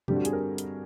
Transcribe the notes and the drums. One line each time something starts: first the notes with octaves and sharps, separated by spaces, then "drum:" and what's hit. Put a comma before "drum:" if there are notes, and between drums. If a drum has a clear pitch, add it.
G2 D3 G3 C4 G4, drum: tom B2
F#4
G#4, drum: hi-hat
A#4
drum: hi-hat